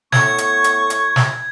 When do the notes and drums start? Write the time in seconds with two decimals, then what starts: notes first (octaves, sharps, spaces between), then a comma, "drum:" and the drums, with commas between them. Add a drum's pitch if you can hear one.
0.12 A2 B3 C#6 G#6, drum: snare
0.38 drum: hi-hat
0.64 drum: hi-hat
0.90 drum: hi-hat
1.16 drum: snare